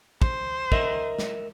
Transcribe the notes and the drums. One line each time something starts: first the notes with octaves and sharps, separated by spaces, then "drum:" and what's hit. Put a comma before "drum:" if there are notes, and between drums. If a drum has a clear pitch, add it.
C5, drum: kick
A#4 D#5 E5, drum: kick
drum: snare